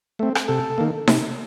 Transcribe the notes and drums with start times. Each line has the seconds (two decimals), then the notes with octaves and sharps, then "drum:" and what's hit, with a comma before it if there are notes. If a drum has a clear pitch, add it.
0.19 A3 C4
0.35 drum: rim click
0.48 C3 A4
0.78 D#3 A#3
1.08 C3, drum: snare D#4